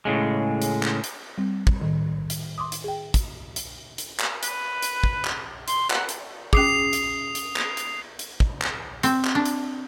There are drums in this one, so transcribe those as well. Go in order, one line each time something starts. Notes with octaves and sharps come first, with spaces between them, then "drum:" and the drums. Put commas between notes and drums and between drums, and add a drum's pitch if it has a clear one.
A2 C#3 G#3
drum: hi-hat
drum: clap
drum: hi-hat
G3 C4
drum: kick
A2 D#3
drum: hi-hat
C6 D6 D#6
drum: hi-hat
G#4 G5
drum: kick, hi-hat
drum: hi-hat
drum: hi-hat
drum: clap
B4, drum: hi-hat
drum: hi-hat
drum: kick
drum: clap
C6, drum: hi-hat
F#5, drum: clap
drum: hi-hat
C#4 G#4 D#6 C7 F7, drum: kick
drum: hi-hat
drum: hi-hat
drum: clap
drum: hi-hat
drum: hi-hat
drum: kick
drum: clap
C4, drum: hi-hat
drum: clap
D4
drum: hi-hat